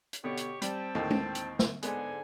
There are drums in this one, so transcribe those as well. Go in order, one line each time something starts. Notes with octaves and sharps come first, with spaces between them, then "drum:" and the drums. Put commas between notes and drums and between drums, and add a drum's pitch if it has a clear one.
drum: hi-hat
B2 D3 G4 C#5
drum: hi-hat
G3 C4 G5 A5, drum: hi-hat
D#2 A2 D3
drum: tom G#3
drum: hi-hat
drum: snare
G#2 D3 G#3 B3 G#5, drum: hi-hat